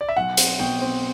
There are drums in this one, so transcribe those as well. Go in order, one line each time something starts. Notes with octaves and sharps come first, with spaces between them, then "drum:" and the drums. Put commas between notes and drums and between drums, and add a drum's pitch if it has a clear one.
D5
E5
B1 F#5
C4, drum: hi-hat
B2 G5
C4